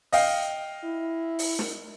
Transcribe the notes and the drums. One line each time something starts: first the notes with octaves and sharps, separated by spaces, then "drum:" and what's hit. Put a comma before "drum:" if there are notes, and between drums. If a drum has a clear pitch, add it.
D#5 F5 G5, drum: open hi-hat
E4
drum: open hi-hat
drum: snare